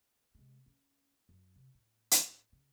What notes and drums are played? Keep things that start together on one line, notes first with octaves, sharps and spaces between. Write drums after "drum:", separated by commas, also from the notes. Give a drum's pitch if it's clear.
C3 G#3
C#4
F#2
C3
A2
drum: hi-hat
C#3